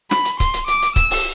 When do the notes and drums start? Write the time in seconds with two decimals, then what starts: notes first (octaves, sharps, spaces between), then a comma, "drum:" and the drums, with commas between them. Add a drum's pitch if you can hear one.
0.11 B5, drum: snare
0.25 drum: hi-hat
0.40 C6, drum: kick C#1, hi-hat
0.54 drum: hi-hat
0.68 D6, drum: hi-hat
0.82 drum: hi-hat
0.96 E6, drum: kick C#1, hi-hat
1.11 drum: open hi-hat